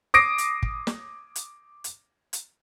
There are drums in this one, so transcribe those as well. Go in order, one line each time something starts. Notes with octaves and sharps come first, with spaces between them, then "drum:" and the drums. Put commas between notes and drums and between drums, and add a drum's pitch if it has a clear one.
D6 D#6 A#6 C7 D7
drum: hi-hat
drum: kick
drum: snare
drum: hi-hat
drum: hi-hat
drum: hi-hat